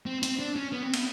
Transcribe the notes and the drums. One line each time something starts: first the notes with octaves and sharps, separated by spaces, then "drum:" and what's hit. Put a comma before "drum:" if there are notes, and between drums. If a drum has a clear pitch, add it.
C4
C4, drum: hi-hat
D4
C#4
B3
C4
B3, drum: cymbal